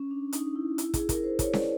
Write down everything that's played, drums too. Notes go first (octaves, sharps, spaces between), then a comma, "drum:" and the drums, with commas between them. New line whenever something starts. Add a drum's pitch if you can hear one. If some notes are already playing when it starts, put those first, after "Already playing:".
Already playing: C#4
D4
D#4, drum: hi-hat
E4
E4, drum: hi-hat
G#4, drum: kick, hi-hat
A#4, drum: kick, hi-hat
C5
C#5, drum: kick, hi-hat
D5, drum: snare C#4